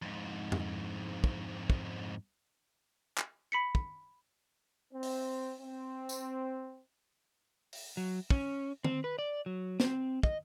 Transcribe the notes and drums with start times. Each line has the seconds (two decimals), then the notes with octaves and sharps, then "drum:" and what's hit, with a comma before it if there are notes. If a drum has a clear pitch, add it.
0.02 F2 G#2
0.52 drum: tom
1.24 drum: kick
1.70 drum: kick
3.18 drum: clap
3.52 B5 B6 C#7
3.75 drum: kick
4.93 C4
5.03 drum: open hi-hat
5.61 C4
6.09 drum: tambourine
7.73 drum: open hi-hat
7.97 F#3
8.30 C#4, drum: kick
8.84 C4, drum: tom
9.04 B4
9.19 D5
9.46 F#3
9.80 C4, drum: snare
10.23 D#5, drum: kick